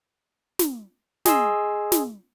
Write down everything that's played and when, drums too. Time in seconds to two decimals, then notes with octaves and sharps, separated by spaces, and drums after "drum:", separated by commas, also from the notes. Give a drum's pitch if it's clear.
0.59 drum: snare
1.25 G#4 D#5 G#5 C6 E6, drum: snare
1.92 drum: snare